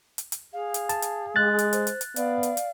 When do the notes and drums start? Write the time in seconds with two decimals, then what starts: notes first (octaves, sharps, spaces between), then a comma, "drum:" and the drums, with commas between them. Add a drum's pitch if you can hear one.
0.18 drum: hi-hat
0.32 drum: hi-hat
0.53 G#4 F5
0.74 drum: hi-hat
0.89 A5, drum: hi-hat
1.02 drum: hi-hat
1.36 G#3 F#6 A6
1.59 drum: hi-hat
1.73 C5, drum: hi-hat
1.87 drum: hi-hat
2.01 drum: hi-hat
2.16 B3 D5 F5, drum: hi-hat
2.43 drum: hi-hat
2.57 drum: hi-hat